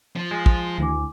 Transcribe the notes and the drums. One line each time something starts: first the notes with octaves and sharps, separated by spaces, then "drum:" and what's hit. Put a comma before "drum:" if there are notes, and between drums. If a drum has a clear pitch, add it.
F3
G#3
drum: kick
D2 E4 G#5 D6